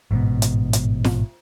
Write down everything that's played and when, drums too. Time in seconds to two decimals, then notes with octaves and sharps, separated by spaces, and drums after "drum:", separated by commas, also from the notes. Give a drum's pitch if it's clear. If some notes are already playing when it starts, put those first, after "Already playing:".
0.11 A1 G#2 B2
0.42 drum: hi-hat
0.73 drum: hi-hat
1.04 drum: snare